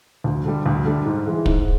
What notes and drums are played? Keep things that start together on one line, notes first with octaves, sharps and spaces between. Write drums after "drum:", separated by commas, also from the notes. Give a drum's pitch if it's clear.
D2
D3 G3
D2
D3 G3
G#2
E3 G#3
G#2, drum: kick